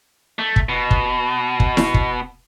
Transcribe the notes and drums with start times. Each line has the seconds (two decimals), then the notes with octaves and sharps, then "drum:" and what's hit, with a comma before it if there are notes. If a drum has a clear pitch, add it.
0.39 A3
0.56 drum: kick
0.69 B2
0.91 drum: kick
1.60 drum: kick
1.77 drum: snare E4
1.94 drum: kick